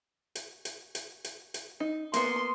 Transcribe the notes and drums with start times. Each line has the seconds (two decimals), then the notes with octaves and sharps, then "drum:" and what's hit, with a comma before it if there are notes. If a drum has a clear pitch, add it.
0.35 drum: hi-hat
0.65 drum: hi-hat
0.95 drum: hi-hat
1.24 drum: hi-hat
1.54 drum: hi-hat
1.80 D#4
2.14 A#3 B3 C6, drum: hi-hat